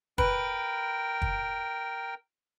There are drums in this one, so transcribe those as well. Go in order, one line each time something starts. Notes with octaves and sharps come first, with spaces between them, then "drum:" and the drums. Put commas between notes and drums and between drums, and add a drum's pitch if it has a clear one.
A#4 B4 G5, drum: kick
drum: kick